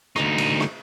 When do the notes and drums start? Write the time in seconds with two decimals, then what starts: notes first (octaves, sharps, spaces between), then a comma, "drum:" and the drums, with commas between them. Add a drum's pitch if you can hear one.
0.16 D2 D#4, drum: rim click
0.38 drum: cymbal
0.60 drum: rim click